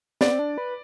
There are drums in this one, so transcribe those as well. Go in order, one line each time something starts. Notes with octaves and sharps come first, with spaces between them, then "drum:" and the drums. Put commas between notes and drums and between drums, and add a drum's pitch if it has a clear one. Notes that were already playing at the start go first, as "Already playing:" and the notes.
B3 D5, drum: snare
C4
D4
B4